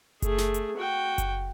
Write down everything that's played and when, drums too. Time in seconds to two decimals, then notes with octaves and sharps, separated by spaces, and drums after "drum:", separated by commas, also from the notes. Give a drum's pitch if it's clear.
0.22 A3 G#4, drum: kick F#1, hi-hat
0.38 drum: snare
0.54 drum: hi-hat
0.78 F#4 G5
1.18 drum: kick F#1, hi-hat